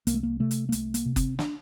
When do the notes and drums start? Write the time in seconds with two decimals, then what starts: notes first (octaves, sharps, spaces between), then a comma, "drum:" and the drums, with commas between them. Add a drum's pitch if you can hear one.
0.07 C2 A#3, drum: hi-hat
0.14 A3
0.23 A#3
0.40 C3 A3
0.51 drum: hi-hat
0.69 A#3
0.72 C2 A3, drum: hi-hat
0.94 A#3, drum: hi-hat
1.06 C3
1.16 C4, drum: kick F#1, hi-hat
1.39 D4, drum: snare